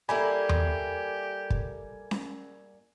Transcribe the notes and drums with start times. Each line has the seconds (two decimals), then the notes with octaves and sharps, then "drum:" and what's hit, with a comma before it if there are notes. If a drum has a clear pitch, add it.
0.09 G3 A#3 E4 G4 A4 G#5 B5
0.49 drum: tom E2
1.50 drum: kick
2.11 drum: snare C#4